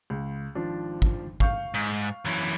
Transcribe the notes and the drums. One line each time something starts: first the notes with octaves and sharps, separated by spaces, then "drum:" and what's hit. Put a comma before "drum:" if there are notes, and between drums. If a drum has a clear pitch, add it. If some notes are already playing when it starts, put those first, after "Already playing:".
C#2
G#1 F3 D4
drum: kick
F5 C#6 G6, drum: kick
G#2
F#2 E3